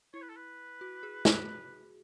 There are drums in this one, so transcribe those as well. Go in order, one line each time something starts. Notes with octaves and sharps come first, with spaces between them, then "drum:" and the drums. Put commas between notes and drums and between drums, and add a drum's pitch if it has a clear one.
E4 C#5
B4
A4
B4
F#4
G#4
F#4, drum: snare